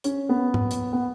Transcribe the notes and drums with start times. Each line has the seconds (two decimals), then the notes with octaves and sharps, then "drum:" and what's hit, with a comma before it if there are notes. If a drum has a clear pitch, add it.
0.04 C#4, drum: hi-hat
0.29 B3
0.54 drum: tom G#2
0.71 drum: hi-hat
0.93 B3